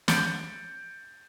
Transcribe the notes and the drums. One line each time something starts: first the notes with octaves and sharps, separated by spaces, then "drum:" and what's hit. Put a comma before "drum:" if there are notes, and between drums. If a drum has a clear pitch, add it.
G6 A6 C#7 D7, drum: snare